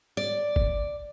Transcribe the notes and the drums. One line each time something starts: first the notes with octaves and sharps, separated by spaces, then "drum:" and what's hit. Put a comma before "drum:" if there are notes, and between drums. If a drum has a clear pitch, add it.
D5
drum: kick G1